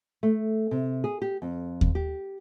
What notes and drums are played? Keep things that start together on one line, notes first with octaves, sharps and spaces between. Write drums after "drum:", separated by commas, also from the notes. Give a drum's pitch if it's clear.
A3
C3
G#4
G4
F2
drum: kick D#2
G4